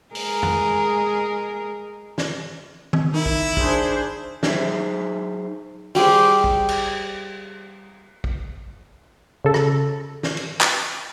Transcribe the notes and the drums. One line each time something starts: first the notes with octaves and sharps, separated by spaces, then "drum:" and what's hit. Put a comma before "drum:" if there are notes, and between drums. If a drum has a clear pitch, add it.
G#3 G#4 A#4, drum: open hi-hat
drum: tom
drum: snare
drum: tom D#3
D#3 E4
drum: kick
D4 G#4 C5, drum: kick
F#3 D#4 G#4 C5 E5, drum: snare
G3 G4 G#4 C5, drum: open hi-hat
drum: kick
drum: cymbal
drum: kick
C#3 A4
drum: rim click
drum: snare
drum: cymbal
drum: clap